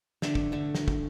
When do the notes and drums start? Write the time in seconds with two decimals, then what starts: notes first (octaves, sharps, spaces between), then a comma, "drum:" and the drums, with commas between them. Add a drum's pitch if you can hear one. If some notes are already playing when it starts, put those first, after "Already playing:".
0.22 D3 A3 D4, drum: snare
0.35 drum: kick
0.52 D3 A3
0.75 drum: snare
0.88 drum: kick